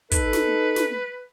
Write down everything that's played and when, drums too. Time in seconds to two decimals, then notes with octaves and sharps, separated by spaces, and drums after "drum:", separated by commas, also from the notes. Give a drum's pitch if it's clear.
0.11 D#4 A4 B4, drum: kick, hi-hat
0.33 drum: snare
0.76 drum: snare